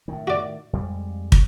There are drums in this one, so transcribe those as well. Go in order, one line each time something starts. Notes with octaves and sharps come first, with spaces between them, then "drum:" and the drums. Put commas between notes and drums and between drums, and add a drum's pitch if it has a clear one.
A2 D#3
F#4 D5
F2 G3 G#3
drum: kick